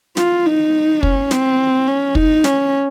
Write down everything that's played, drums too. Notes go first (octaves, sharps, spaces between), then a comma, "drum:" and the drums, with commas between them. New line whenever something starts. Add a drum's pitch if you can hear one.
F4, drum: snare
D#4
C#4, drum: kick
C4, drum: snare
C#4
D#4, drum: kick
C#4, drum: snare